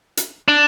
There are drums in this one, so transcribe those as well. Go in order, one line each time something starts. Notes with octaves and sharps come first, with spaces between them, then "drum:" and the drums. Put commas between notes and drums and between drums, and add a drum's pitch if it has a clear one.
drum: hi-hat
D4